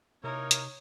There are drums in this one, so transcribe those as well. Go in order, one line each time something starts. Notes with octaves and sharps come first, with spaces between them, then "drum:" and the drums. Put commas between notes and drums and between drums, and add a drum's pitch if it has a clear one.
C3 A#3 D#4 E4 A#4 C#5
drum: hi-hat